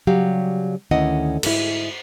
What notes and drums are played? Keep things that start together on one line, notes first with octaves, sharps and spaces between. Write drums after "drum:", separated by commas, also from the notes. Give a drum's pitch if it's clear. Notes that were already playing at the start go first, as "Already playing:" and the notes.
C#3 F#3 G3 G4 F5
D2 D#3 C#4 E4 D#5 F#5
G#2 E4, drum: cymbal